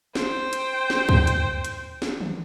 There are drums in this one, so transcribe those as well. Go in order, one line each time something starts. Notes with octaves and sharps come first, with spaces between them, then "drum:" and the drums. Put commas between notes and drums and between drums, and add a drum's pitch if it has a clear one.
C5 G5, drum: snare
drum: hi-hat
drum: snare
drum: kick C#2
drum: hi-hat
drum: hi-hat
drum: snare
drum: tom D#3